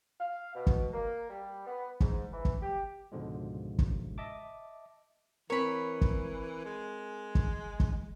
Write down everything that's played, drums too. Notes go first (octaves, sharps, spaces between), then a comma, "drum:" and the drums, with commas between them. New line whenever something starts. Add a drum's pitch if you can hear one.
F5
B2
drum: kick
A#3
G3
B3
G#2, drum: kick
E3
drum: kick
G4
C#2 G#2 B2 D3 F3 G#3
drum: kick
D#5 E5 A5 D6
E3 C4 A#4 C#5 B5
drum: kick
G#3
drum: kick
drum: kick